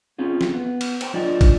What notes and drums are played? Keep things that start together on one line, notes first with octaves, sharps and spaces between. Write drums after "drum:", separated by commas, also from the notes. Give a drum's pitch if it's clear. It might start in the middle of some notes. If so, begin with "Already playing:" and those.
C4 C#4 F4 G#4
drum: snare
B3
drum: cymbal
C5 G5 A5 C6, drum: cymbal
F#3 D4 F4 D5 D#5
drum: kick, cymbal